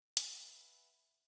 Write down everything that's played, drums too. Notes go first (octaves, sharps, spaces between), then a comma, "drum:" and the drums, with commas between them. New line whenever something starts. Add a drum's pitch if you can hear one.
B4 E5 F#5 G#5 B5, drum: hi-hat